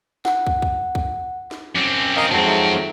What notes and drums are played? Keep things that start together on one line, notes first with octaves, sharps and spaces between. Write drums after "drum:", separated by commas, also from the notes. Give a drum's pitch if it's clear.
F#5, drum: snare
drum: kick
drum: kick
drum: kick
drum: snare
F#2 C4 D6
A#4 D#5 F5
F2 G#2 F#3 C4 A5 A#6
D#4 A4 E5